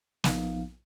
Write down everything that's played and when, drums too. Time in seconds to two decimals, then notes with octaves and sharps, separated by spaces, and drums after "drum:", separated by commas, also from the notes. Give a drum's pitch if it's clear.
0.24 A#1 F3 B3 D#4 F5, drum: snare